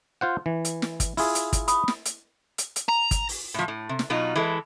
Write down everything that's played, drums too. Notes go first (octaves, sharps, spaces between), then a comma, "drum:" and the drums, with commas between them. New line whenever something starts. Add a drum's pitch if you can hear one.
F4 C5 F#5
E3
drum: hi-hat
drum: snare
drum: kick, hi-hat
E4 F4 G#4, drum: open hi-hat
drum: hi-hat
drum: kick, hi-hat
B5 D#6, drum: hi-hat
drum: snare
drum: hi-hat
drum: hi-hat
drum: hi-hat
A#5
drum: kick, hi-hat
drum: open hi-hat
A2 F3
A2
C3
drum: snare
B2 F#3 D#4 F4 F#4
E3 G#3 E4 A4